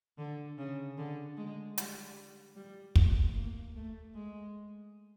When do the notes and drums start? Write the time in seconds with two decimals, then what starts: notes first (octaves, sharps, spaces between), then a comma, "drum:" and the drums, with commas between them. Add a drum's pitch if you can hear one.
0.18 D3
0.58 C#3
0.98 D3
1.37 G#3
1.78 G3, drum: hi-hat
2.56 G3
2.95 A3, drum: kick
3.36 A#3
3.75 A3
4.15 G#3